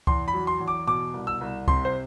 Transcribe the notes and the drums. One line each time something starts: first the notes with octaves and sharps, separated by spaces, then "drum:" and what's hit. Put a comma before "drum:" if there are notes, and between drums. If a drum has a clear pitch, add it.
E2 C6, drum: kick C#2
B5
F#3
C6
E2
D6
B2 D6
C2
E6
C2
C3 C6, drum: kick C#2
C5